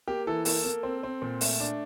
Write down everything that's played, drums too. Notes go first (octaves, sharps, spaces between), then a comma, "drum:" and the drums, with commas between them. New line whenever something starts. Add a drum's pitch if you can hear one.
A#3 G4
E3 A4
A#3 A4, drum: open hi-hat
A#3
C4
C4
A#2
A3, drum: open hi-hat
D4